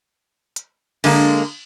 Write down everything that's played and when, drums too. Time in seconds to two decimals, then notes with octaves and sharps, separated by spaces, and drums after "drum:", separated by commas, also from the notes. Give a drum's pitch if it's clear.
0.56 drum: hi-hat
1.04 D3 G#3 A#3, drum: cymbal